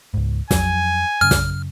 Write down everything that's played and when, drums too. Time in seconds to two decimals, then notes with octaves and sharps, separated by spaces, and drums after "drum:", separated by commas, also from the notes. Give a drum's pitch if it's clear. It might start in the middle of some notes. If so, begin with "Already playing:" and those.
0.14 C#2 G#2
0.51 F2 F#3 G#5, drum: snare
1.21 F#2 C#3 F6
1.31 drum: snare